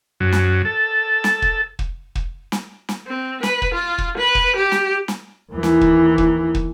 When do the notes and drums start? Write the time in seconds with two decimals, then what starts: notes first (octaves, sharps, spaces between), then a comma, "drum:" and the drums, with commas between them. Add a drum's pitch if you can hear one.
0.20 F#2
0.32 drum: snare
0.65 A4
1.24 drum: snare
1.42 drum: kick
1.79 drum: kick
2.15 drum: kick
2.52 drum: snare
2.89 drum: snare
3.07 C4
3.43 B4, drum: snare
3.62 drum: kick
3.74 F4
3.98 drum: kick
4.18 B4
4.35 drum: kick
4.56 G4
4.72 drum: snare
5.08 drum: snare
5.52 D#2 E3
5.63 drum: snare
5.81 drum: kick
6.18 drum: kick
6.55 drum: kick